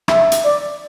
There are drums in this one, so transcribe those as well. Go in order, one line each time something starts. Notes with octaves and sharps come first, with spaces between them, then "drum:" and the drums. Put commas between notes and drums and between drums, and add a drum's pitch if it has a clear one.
E5, drum: rim click
drum: hi-hat
D5